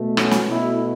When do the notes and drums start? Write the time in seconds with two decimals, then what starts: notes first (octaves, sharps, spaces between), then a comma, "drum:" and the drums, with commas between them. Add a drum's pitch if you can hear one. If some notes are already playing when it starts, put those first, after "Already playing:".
Already playing: B2 A3
0.17 C#4 F#4, drum: rim click
0.31 drum: snare
0.49 B2 A3 E4